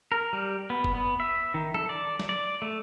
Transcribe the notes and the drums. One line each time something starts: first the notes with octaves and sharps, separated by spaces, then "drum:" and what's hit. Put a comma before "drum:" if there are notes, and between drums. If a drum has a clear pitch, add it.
A#4
G3
B3
drum: kick F1
B3
E5
D#3
A4, drum: tom E3
D5
drum: snare
D5
A3